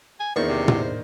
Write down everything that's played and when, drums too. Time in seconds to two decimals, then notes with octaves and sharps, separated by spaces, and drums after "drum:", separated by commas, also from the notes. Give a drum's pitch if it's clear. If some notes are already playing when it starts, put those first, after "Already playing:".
0.20 G#5
0.36 E2 D#3 A#3 D4 C5 C#6
0.48 C3
0.68 drum: tom